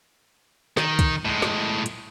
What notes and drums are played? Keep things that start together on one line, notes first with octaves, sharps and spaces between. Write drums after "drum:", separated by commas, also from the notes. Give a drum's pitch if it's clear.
D#3, drum: snare
drum: kick, hi-hat
A2 G#3
drum: snare
drum: hi-hat